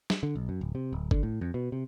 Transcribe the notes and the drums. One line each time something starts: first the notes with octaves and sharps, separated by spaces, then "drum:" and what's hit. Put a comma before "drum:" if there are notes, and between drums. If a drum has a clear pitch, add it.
drum: snare
D3
B1
F#2
D1
C3
D1
D3, drum: kick
A2
F2
B2
C3